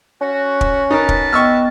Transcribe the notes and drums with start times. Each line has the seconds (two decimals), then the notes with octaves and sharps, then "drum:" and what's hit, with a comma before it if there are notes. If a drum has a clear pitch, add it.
0.21 C#4 F#4
0.61 drum: kick
0.91 D#4 F#4 A#4 B4 A5
1.09 drum: kick
1.33 B3 D#5 G5 C#6 E6 F6